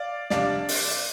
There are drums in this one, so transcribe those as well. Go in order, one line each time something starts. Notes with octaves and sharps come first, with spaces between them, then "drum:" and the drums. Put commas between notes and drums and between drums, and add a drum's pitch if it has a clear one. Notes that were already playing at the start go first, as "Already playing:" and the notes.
Already playing: D5 F5
F2 C3 G3 D4 D5 F5, drum: snare
drum: open hi-hat